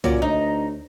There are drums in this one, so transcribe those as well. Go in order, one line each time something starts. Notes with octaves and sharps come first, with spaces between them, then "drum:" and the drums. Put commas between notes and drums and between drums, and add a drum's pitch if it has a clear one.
A#2 C#4 F#4 D5, drum: tom
D2 D#4